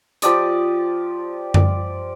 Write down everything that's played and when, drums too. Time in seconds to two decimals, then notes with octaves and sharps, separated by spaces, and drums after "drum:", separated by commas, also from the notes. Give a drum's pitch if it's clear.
0.22 F3 G4 D5 D#6, drum: hi-hat
1.54 D5, drum: tom F#2